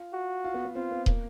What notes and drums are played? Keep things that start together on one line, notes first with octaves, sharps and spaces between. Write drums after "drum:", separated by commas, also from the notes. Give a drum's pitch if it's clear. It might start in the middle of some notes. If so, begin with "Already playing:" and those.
Already playing: F4
F#4
F4
B3
B3
C4 F4
B3
A#3, drum: kick D#1